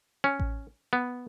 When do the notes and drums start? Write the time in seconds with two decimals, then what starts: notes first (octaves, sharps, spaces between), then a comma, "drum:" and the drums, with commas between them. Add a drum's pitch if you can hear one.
0.24 C#4
0.40 drum: kick A1
0.93 B3